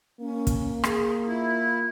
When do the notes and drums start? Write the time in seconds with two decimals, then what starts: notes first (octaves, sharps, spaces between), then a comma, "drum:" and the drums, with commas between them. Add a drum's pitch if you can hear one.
0.20 A#3 C#4
0.47 drum: kick, hi-hat
0.84 G#4, drum: rim click
1.28 E4 F4